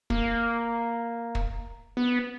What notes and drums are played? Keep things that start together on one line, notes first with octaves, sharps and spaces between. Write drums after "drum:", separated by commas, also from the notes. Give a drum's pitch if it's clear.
A#3, drum: kick
drum: kick
B3